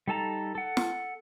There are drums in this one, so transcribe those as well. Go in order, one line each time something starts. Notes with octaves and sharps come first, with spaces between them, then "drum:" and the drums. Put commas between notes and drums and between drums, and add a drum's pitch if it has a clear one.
G3 D#4 A4 A5 A#5
A4 F#5
drum: snare